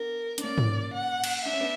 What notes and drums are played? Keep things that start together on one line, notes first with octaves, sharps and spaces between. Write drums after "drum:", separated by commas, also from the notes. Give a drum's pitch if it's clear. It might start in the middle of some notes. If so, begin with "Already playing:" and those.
Already playing: B3 D4 A#4
D4, drum: hi-hat
A#3 C#4 D5
drum: tom G#2
F#5
drum: cymbal
D4 E5
C#4
B3 D4